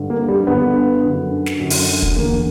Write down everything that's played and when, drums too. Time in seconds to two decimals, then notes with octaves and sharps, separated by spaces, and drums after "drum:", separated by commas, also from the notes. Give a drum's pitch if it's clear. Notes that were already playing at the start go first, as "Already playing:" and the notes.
Already playing: G2 D3
0.10 A#3
0.28 G3
0.47 G2 D3 B3
1.03 F#2 D3
1.46 drum: snare
1.60 F#2 D3
1.70 drum: open hi-hat
2.02 drum: kick
2.16 E2 D3 A#3